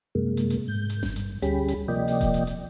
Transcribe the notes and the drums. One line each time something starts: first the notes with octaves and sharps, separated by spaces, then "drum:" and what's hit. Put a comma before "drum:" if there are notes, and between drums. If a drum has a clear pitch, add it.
F#2 C3 G#3 A#3
drum: hi-hat
drum: hi-hat
G#2 G6
drum: hi-hat
drum: snare G1
G2, drum: hi-hat
D2 G3 C#4 G4 G#4 B5, drum: hi-hat
drum: hi-hat
C3 F3 A#3 D5 D#5 G5
drum: open hi-hat
drum: kick D#1, hi-hat
drum: hi-hat
drum: hi-hat